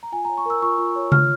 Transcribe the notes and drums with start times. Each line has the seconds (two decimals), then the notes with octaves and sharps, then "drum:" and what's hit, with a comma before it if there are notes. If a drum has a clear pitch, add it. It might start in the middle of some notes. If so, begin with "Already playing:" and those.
0.03 A#5
0.12 F4 G#5
0.25 C#5 A#5
0.37 C#6
0.46 A#4 E6
0.62 F4 C#6
0.78 F4
0.96 C#5
1.12 F4 F6, drum: tom C#3